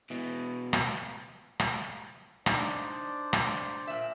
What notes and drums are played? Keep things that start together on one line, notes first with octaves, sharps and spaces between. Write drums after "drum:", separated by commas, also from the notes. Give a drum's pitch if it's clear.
B2 E3
drum: rim click
drum: rim click
D4 D#4 C5 D5, drum: rim click
drum: rim click
A#2 E5